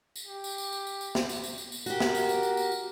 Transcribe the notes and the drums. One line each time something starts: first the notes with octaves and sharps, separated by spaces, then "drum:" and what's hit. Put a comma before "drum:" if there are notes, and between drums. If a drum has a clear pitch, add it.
drum: tambourine
G4
drum: tambourine
drum: tambourine
drum: tambourine
drum: tambourine
drum: tambourine
drum: snare
drum: tambourine
drum: tambourine
drum: tambourine
drum: tambourine
F#4 G4 A#4, drum: tambourine
drum: snare
drum: tambourine
drum: tambourine
drum: tambourine
drum: tambourine
drum: tambourine